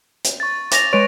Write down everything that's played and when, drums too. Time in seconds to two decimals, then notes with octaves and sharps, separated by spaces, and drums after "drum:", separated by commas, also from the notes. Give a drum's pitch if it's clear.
0.24 drum: hi-hat
0.40 C#6 A6
0.71 D6 A#6 F7, drum: hi-hat
0.93 G#3 B4 C#5 C#6 D7 F7